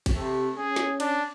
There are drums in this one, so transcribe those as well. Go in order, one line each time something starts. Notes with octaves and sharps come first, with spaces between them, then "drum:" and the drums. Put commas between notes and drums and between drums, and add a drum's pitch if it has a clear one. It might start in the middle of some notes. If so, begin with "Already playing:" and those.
drum: kick A1, cymbal
C3 A3
C#4 G#4
drum: snare
D4, drum: cymbal